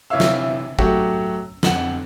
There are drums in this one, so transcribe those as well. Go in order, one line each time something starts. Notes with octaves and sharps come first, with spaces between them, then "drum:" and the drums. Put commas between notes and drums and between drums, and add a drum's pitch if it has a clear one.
C3 E3 C#5 E5 F5 E6
drum: snare
F#3 A3 F#4 G4, drum: kick
F2 F#5 E7 F#7, drum: snare